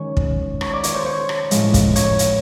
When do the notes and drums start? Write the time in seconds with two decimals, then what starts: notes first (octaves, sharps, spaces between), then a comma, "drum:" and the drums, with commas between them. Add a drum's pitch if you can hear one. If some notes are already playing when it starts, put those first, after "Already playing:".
Already playing: D#3 G#3 C#4 C#5 C#6
0.17 drum: kick
0.61 C#5 C#6, drum: rim click
0.73 D5 D6
0.83 C#5 C#6, drum: hi-hat
0.95 C5 C6
1.06 C#5 C#6
1.29 drum: rim click
1.51 A2 F3 G#3, drum: hi-hat
1.74 drum: kick, hi-hat
1.96 C#5 C#6, drum: hi-hat
2.19 drum: hi-hat